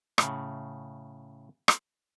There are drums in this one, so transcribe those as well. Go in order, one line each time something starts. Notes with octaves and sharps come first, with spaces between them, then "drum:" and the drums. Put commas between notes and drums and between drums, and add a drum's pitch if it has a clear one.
A2 C#3, drum: rim click
drum: rim click